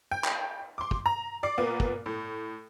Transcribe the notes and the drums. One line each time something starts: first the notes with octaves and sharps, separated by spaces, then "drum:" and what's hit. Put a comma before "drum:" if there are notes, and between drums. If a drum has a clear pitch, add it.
G5
drum: clap
C6 D6
drum: kick
A#5
D5 D6 C7
A#2 A#3 B3
drum: kick
A2